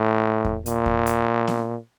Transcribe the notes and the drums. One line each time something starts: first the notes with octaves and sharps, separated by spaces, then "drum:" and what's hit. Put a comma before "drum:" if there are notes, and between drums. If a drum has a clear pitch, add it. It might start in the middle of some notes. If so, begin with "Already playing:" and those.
Already playing: A2
drum: kick E2
A#2, drum: hi-hat
drum: kick E2
drum: hi-hat
drum: snare B3